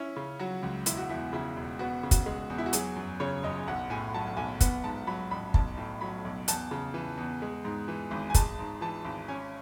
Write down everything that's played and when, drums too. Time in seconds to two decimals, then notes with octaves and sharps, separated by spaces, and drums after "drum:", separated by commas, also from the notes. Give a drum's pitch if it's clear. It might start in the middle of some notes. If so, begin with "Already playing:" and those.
Already playing: C#4 E4
0.17 C#3
0.39 F#3 F#4
0.63 C#2
0.86 E1 E4, drum: hi-hat
0.97 F#4
1.09 E2 E4
1.33 C#3 E4
1.57 E1
1.79 B3 F#4
2.03 C#3
2.11 F#4, drum: kick, hi-hat
2.26 G#3
2.50 E2
2.58 E4
2.66 F#4
2.73 F#3 G#4, drum: hi-hat
2.96 F#2
3.20 C#3 C#5
3.43 F#1 D#5
3.68 B1 F#5
3.90 A2 G#5
4.14 F#3 A5
4.37 B1 G#5
4.61 B3 F#5, drum: kick, hi-hat
4.84 G#2 A5
5.07 F#3 B5
5.31 A1 B5
5.54 B1 A5, drum: kick
5.78 A2
6.01 F#3 B5
6.25 B1
6.48 E2 A5, drum: hi-hat
6.71 C#3
6.94 E3
7.17 E2
7.42 G#3
7.65 G#2
7.88 E3
8.11 G#1
8.30 G#5
8.35 G#3 A5, drum: kick, hi-hat
8.59 G#2
8.81 E3 A5
9.05 G#1
9.28 C#4 G#5